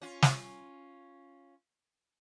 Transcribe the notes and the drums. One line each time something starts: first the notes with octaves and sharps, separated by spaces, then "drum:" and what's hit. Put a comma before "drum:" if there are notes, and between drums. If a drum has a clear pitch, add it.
C#4 F4
drum: snare